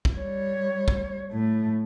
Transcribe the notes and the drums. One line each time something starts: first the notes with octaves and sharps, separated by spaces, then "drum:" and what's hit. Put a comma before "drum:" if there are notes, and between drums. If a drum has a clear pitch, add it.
drum: kick
G3 C#5
drum: kick
A2 A3